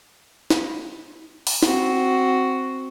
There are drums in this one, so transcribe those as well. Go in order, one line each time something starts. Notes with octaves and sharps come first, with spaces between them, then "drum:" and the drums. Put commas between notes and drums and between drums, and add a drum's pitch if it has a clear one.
drum: snare
drum: open hi-hat
C4 F#4, drum: snare